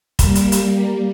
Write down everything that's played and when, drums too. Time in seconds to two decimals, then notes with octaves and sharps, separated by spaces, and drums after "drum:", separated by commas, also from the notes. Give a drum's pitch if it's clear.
0.19 G3 A#3, drum: kick, hi-hat
0.35 drum: hi-hat
0.52 drum: hi-hat